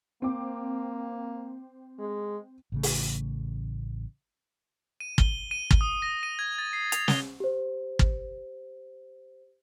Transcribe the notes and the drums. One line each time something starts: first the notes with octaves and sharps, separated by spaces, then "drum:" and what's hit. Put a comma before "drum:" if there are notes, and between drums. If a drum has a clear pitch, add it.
A#3 C4 D6
G#3
A1 C#3 A3
drum: open hi-hat
D#7
G7, drum: kick
D#7
drum: kick
D#6
A#6
D#7
G#6
A6
C7
F7, drum: hi-hat
G7, drum: snare
G4 C5
drum: kick